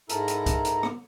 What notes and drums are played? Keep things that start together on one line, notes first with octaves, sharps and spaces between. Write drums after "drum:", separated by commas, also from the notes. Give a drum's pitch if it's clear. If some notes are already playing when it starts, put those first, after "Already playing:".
G#2 E4 A4 A#4 A#5, drum: hi-hat
drum: hi-hat
drum: kick C2, hi-hat
drum: hi-hat
drum: rim click